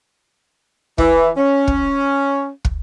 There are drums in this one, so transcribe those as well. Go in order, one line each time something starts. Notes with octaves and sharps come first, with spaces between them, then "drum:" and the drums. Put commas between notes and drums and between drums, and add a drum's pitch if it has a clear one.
E3, drum: kick
C#4
drum: kick
drum: kick